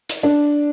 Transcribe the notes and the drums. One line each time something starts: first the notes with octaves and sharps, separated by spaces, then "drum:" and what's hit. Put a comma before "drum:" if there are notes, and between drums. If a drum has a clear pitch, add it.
drum: hi-hat
D4